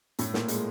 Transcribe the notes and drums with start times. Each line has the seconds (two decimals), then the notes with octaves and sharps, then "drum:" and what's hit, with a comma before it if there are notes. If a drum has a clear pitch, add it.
0.19 A2 A3, drum: hi-hat
0.34 A#2 A#3, drum: snare
0.48 G#3, drum: hi-hat